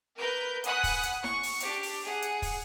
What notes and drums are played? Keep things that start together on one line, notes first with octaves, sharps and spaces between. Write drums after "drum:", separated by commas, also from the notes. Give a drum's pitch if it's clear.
A#4 B4 G6
F#5 G#5 B5 D#6 F#6, drum: hi-hat
drum: kick, open hi-hat
drum: hi-hat
C#6, drum: snare E4
drum: open hi-hat
D4 G4, drum: hi-hat
drum: open hi-hat
G#4 F#5
drum: hi-hat
drum: kick, open hi-hat